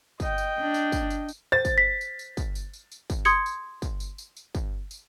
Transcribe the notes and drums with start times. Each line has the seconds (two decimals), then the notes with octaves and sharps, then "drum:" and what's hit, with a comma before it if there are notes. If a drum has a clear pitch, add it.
0.20 D#5 G5, drum: kick, tambourine
0.38 drum: tambourine
0.59 D4
0.74 drum: tambourine
0.92 drum: kick, tambourine
1.10 drum: tambourine
1.29 drum: tambourine
1.52 C5 A6
1.65 drum: kick, tambourine
1.78 B6
2.01 drum: tambourine
2.19 drum: tambourine
2.37 drum: kick, tambourine
2.55 drum: tambourine
2.73 drum: tambourine
2.92 drum: tambourine
3.10 drum: kick, tambourine
3.25 C6 D#6 G#6 C#7, drum: tambourine
3.46 drum: tambourine
3.82 drum: kick, tambourine
4.00 drum: tambourine
4.18 drum: tambourine
4.36 drum: tambourine
4.55 drum: kick, tambourine
4.91 drum: tambourine